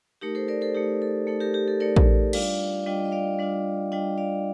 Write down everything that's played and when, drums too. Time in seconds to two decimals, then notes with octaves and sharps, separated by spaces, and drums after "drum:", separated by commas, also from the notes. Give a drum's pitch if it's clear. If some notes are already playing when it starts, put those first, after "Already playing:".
0.21 A3 D#4 G4 A#4
0.35 A4 C5
0.48 A#4 D5
0.61 A4 C5
0.75 A3 D#4 G4
1.02 A4
1.27 A3 D#4 A4
1.40 G4 A#4
1.54 G4
1.68 A4
1.80 A3 D#4 A#4 D5
1.96 drum: kick
2.33 G3 D4 F4 D5 F5, drum: cymbal
2.86 G3 D4 F4 D#5 G5
3.05 D#5
3.12 D5 F5
3.39 G3 D4 F4
3.92 G3 D4 F4 D#5 G5
4.18 D5 F5